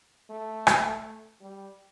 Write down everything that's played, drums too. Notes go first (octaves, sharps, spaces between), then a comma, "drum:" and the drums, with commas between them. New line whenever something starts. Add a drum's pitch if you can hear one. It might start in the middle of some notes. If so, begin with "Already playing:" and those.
A3
drum: rim click
G3